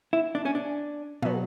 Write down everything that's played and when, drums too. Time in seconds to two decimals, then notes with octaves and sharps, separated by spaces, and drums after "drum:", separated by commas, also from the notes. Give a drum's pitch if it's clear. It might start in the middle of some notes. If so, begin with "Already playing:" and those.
0.13 E4
0.35 D4
0.45 C#4
0.55 D4
1.22 B2 F#3 B3, drum: tom